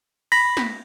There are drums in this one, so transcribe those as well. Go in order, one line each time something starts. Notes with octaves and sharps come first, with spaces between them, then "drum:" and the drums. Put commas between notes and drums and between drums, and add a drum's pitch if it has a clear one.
B5 A#6, drum: cymbal
drum: snare